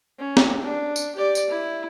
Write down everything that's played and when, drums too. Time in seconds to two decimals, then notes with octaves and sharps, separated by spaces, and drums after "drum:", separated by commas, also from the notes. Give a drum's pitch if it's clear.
0.19 C#4
0.37 drum: snare
0.64 D4
0.96 drum: tambourine
1.16 G4 D5
1.35 drum: tambourine
1.50 E4